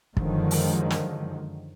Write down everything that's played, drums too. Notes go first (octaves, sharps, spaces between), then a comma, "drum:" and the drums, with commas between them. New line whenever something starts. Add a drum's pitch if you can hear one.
F#2 D3 D#3 F3 G#3, drum: kick
drum: open hi-hat
drum: snare